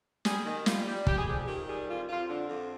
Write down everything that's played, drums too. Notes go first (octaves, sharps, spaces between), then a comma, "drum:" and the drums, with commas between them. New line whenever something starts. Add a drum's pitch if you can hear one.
G3 G#4, drum: snare
D#3
G3 F4, drum: snare
G3
G3 G4, drum: kick
G#4
F2 G#4
D#3 G4
G3 G#4
F2 F4
F2 F4
D3 D4
F2